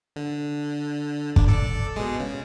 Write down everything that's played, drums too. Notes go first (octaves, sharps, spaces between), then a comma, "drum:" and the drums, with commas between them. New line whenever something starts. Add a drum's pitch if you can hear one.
D3
D4, drum: kick
A4 D5
B2 G#3
C#3